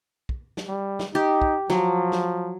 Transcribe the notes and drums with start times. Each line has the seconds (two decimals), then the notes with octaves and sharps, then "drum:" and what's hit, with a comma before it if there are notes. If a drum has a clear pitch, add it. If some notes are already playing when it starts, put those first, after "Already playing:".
0.29 drum: kick
0.57 drum: snare
0.68 G3
0.99 drum: snare
1.15 D#4 G4
1.42 drum: kick
1.70 F3 F#3, drum: snare
2.12 drum: snare